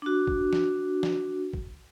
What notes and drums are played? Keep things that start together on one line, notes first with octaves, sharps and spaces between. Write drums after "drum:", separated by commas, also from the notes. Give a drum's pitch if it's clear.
D4 F#4
drum: kick
drum: snare
drum: snare
drum: kick